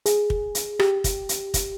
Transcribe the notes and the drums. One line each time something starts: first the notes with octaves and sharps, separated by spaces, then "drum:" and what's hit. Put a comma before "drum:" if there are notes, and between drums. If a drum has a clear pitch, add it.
G#4, drum: hi-hat
drum: kick
drum: hi-hat
G4, drum: rim click
drum: kick, hi-hat
drum: hi-hat
drum: kick, hi-hat